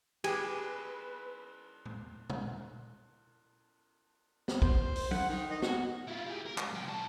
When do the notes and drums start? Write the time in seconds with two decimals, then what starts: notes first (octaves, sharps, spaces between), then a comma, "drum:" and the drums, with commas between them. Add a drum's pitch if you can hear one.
0.24 G4 G#4 B4, drum: cymbal
1.86 drum: tom A#2
2.30 drum: tom
4.48 drum: snare
4.62 C5, drum: kick
4.95 drum: open hi-hat
5.11 F#5, drum: tom F#3
5.29 D#3
5.50 D#4
5.62 F#4, drum: snare
6.07 E4 F4
6.27 G4 G#4
6.46 A#4
6.58 G#2, drum: clap
6.72 F#2 G5
6.84 B1 A5